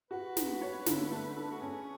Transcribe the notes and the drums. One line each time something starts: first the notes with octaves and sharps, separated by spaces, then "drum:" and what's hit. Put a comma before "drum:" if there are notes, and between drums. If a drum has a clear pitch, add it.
F#4 B4
F#4, drum: snare
C#5
D3, drum: snare
A3
A4
F#4
C#4 G#4